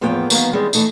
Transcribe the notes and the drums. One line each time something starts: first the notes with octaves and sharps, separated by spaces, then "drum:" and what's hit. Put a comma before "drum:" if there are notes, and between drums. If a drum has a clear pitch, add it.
E2 A2 F3 A#3 B3 G5
D#3 E3 F#3 A#3 B3, drum: tambourine
D#3 E3 G3 G#3 B3 C4
E3 A3 D#4, drum: tambourine